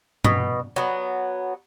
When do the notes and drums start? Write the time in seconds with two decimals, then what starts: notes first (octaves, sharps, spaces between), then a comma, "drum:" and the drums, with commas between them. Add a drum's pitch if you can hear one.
0.24 B2, drum: tom
0.76 F#3 B3